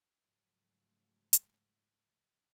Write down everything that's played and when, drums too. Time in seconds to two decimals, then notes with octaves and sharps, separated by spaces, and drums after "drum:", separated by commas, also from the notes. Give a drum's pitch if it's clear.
0.23 G#2 C#3 F3 F#3 G#3 A3
1.33 drum: hi-hat